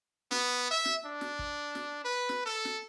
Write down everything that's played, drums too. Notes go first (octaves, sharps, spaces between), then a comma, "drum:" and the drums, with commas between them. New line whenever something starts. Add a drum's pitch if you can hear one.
B3, drum: snare
E5
drum: snare
D4
drum: snare
drum: kick
drum: snare
B4
drum: snare
A4
drum: snare